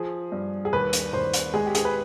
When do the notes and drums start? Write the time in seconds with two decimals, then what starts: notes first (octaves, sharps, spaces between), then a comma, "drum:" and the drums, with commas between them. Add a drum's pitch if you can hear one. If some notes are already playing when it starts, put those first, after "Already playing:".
Already playing: F3 G#4
0.32 G2
0.65 G#4
0.73 D#2 B4
0.93 drum: hi-hat
1.13 D#2 C5
1.34 drum: hi-hat
1.54 G#3 G#4
1.66 G4
1.75 G#4, drum: hi-hat
1.85 B4